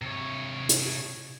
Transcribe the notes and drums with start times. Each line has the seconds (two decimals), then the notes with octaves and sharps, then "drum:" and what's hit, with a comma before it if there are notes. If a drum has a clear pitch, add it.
0.02 C3 C#5
0.69 drum: hi-hat